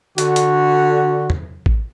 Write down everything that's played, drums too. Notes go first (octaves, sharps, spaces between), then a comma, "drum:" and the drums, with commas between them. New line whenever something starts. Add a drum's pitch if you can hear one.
D3 F#4, drum: hi-hat
drum: hi-hat
drum: tom E2
drum: kick